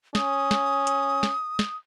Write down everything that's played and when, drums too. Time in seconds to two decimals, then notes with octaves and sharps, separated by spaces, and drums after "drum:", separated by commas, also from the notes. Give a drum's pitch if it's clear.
0.15 C#4 D#6, drum: snare
0.51 drum: snare
0.87 drum: hi-hat
1.23 drum: snare
1.59 drum: snare